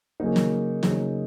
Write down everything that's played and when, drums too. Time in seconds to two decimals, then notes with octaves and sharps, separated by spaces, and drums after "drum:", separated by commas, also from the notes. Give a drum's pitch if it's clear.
0.20 C#3 F#3 A#3 D#4
0.36 drum: snare
0.83 C#3 F#3 A#3 D#4, drum: snare